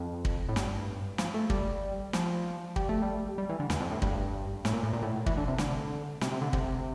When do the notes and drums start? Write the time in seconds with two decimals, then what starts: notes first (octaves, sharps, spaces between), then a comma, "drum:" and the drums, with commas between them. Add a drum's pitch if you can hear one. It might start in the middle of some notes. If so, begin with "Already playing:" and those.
Already playing: F2
0.25 drum: kick
0.49 A2
0.56 G2, drum: snare
1.18 F3, drum: snare
1.34 A3
1.50 G3, drum: kick
2.13 F3, drum: snare
2.76 G3, drum: kick
2.89 A3
3.02 G3
3.38 G3
3.49 E3
3.60 D3
3.70 E2, drum: snare
3.80 F2
3.91 A2
4.02 G2, drum: kick
4.65 A2, drum: snare
4.73 A#2
4.83 A2
4.93 A#2
5.02 A2
5.26 E3, drum: kick
5.37 D3
5.48 C3
5.58 D3, drum: snare
6.21 C3, drum: snare
6.32 C3
6.41 D3
6.53 C3, drum: kick